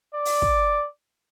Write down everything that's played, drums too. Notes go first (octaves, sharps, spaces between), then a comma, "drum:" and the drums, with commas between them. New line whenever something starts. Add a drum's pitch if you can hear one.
D5
drum: open hi-hat
drum: kick